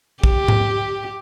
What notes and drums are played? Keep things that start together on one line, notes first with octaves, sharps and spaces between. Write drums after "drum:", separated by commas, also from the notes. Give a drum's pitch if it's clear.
G4, drum: kick
drum: tom G#2